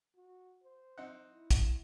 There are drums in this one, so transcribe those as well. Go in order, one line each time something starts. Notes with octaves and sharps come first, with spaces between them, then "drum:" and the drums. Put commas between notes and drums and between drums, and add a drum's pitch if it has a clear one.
F#4
C5
C4 D#4 F#5
E4
drum: kick, hi-hat